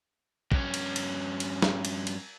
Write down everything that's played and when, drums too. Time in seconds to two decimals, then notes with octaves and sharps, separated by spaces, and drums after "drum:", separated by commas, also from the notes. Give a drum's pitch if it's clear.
0.52 G2 C#4, drum: kick
0.74 drum: cymbal
0.96 drum: cymbal
1.40 drum: cymbal
1.62 drum: snare
1.85 drum: cymbal
2.07 drum: cymbal